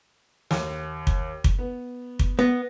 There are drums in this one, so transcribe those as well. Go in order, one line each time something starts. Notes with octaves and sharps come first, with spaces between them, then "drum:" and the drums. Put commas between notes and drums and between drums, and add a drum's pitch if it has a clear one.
D#2, drum: snare
drum: kick
drum: kick
B3
drum: kick
B3 A#6 B6